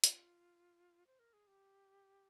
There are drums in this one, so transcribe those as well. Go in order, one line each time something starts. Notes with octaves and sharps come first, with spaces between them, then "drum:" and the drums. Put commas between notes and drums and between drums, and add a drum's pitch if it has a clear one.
F4, drum: hi-hat
C5
A#4
G#4
G4